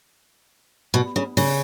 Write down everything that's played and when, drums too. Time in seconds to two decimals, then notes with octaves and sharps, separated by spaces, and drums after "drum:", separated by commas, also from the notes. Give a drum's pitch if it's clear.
0.94 B2
1.16 C#3
1.37 C#3, drum: open hi-hat